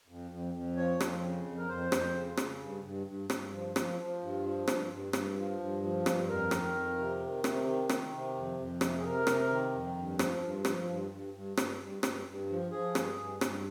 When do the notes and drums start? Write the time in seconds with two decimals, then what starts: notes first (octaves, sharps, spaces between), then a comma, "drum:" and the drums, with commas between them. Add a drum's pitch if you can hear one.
0.08 F2
0.31 F2
0.54 F2
0.77 F3 C#5
1.01 F2, drum: rim click
1.23 C#3
1.45 F2
1.58 A#4
1.69 F2 C5
1.92 F2, drum: rim click
2.14 C#3
2.37 C#3, drum: rim click
2.61 G2
2.84 G2
3.07 G2
3.30 G2, drum: rim click
3.52 F3
3.76 F3, drum: rim click
3.99 F3
4.22 G2
4.45 F3
4.68 G2, drum: rim click
4.91 G2
5.13 G2, drum: rim click
5.36 F3
5.59 G2
5.83 F3
6.06 G2, drum: rim click
6.29 F2 A#4
6.51 D#3, drum: rim click
6.75 F2
6.97 C3
7.20 D#3
7.44 C3, drum: rim click
7.66 D#3
7.89 D#3, drum: rim click
8.13 C3
8.35 F2
8.58 F2
8.81 C3, drum: rim click
8.98 G#4
9.04 C3 A#4
9.27 C3, drum: rim click
9.50 D#3
9.73 F2
9.97 G2
10.19 F3, drum: rim click
10.42 G2
10.65 F3, drum: rim click
10.89 G2
11.11 G2
11.34 G2
11.57 G2, drum: rim click
11.81 G2
12.03 G2, drum: rim click
12.26 G2
12.50 F3
12.71 F3 G#4
12.95 G2, drum: rim click
13.18 G2
13.41 G2, drum: rim click